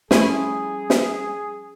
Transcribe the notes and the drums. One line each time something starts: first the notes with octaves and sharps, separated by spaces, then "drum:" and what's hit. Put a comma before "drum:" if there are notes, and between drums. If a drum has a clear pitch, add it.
F3 G3 A3 C#4 E4 G#4 G#5, drum: snare
drum: snare